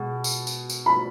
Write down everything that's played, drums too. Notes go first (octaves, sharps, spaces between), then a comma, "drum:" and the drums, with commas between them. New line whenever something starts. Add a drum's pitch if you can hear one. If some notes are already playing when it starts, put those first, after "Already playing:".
Already playing: B2 G#3
drum: tambourine
drum: tambourine
drum: tambourine
B5